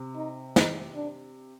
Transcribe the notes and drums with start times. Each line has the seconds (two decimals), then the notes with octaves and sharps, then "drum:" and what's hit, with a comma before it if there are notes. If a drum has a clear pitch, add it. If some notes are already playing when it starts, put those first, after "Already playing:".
Already playing: C3
0.16 D#4
0.56 D#4, drum: snare
0.95 D4